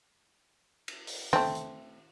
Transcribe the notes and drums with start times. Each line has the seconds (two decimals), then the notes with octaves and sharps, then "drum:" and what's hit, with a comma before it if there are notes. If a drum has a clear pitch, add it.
0.88 drum: cymbal
1.07 drum: open hi-hat
1.33 A3 C4, drum: tom
1.55 drum: hi-hat